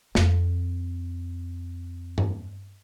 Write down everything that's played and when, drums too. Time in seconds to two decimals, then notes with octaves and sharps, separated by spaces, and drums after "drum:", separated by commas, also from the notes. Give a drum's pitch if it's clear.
0.15 F2 C4, drum: snare
2.18 drum: tom G2